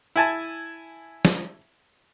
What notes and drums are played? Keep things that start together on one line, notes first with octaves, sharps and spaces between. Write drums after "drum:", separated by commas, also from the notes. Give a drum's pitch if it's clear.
E4 G#5 A5
drum: snare